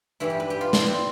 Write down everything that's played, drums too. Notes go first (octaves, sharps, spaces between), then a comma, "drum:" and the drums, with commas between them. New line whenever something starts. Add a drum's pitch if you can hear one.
G2 E3 G3 E4
G4
B4
G4
F4
D4, drum: snare
C4